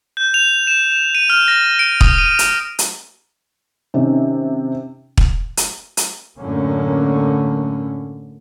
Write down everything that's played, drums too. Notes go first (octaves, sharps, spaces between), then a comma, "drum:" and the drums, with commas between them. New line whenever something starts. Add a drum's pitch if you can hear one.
G6
F7
E7
E7
D#7
F6
A#6
D7
D#6, drum: kick
D#7
drum: hi-hat
drum: hi-hat
C3 D#3 C#4
drum: kick
drum: hi-hat
drum: hi-hat
F#2 A2 D3 A#3 C#4